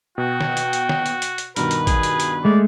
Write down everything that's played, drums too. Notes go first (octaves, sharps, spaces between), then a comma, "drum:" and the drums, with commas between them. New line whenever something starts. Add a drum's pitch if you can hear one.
B2 F#4 G5
drum: snare
drum: hi-hat
drum: hi-hat
drum: snare
drum: hi-hat
drum: hi-hat
drum: hi-hat
G2 B2 D#3 A#4 B4, drum: hi-hat
drum: hi-hat
G#4, drum: kick, hi-hat
drum: hi-hat
drum: hi-hat
G#3 A3 D5